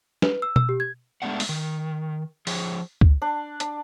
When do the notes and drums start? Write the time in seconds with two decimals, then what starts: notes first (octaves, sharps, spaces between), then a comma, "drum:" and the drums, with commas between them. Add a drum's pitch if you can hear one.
0.22 B4, drum: snare
0.42 E6
0.56 E6, drum: tom B2
0.69 G4
0.80 G#6
1.22 G#3 A3 B3 D4 F#5
1.40 drum: open hi-hat
1.49 D#3
2.47 F3 G#4 C#5, drum: open hi-hat
3.01 drum: kick
3.22 D4
3.60 D4, drum: hi-hat